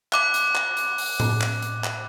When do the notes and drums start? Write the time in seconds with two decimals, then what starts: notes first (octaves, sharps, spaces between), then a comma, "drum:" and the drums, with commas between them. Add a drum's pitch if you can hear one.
0.13 D6 F#6, drum: clap
0.34 drum: hi-hat
0.55 drum: clap
0.77 drum: hi-hat
0.98 drum: open hi-hat
1.20 drum: tom A2
1.41 drum: clap
1.63 drum: hi-hat
1.84 drum: clap